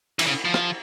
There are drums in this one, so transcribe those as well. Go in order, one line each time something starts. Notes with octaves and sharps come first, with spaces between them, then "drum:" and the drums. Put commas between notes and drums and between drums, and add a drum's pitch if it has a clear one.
E3, drum: cymbal
C#3
F3
drum: rim click